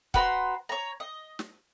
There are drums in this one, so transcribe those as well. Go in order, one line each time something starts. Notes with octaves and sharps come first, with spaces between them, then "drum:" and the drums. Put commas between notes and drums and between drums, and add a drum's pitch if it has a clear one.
F#4 B4 A#5 C6, drum: kick
C#5 A#5
D#5
drum: snare